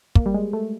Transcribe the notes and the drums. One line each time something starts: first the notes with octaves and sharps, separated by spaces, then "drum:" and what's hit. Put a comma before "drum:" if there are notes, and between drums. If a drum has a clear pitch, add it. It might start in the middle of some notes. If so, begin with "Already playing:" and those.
A#3, drum: kick
G3
G#3
A3